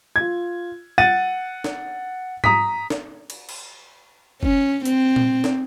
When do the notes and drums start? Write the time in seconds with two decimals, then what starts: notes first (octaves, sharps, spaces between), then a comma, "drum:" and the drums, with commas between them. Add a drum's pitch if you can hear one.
0.16 F4 G#6
0.98 F#5 A6 D#7
1.64 drum: snare
2.44 A#5 D#6 B6, drum: tom G#2
2.90 drum: snare
3.30 drum: cymbal
3.49 drum: cymbal
4.43 C#4, drum: kick F#1
4.85 C4, drum: hi-hat
5.16 drum: tom A#2
5.44 drum: snare